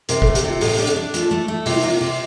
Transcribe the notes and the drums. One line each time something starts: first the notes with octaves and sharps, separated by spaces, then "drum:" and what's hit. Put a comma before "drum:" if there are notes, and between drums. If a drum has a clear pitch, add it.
C3 A#4, drum: hi-hat
A4, drum: kick
A3
G4, drum: hi-hat
C3 F4
A2 G4, drum: open hi-hat
D4 G4
A4, drum: hi-hat
D4
A3 F4, drum: hi-hat
A3
A3
C3 F4, drum: open hi-hat
E4
A#3 F4
C3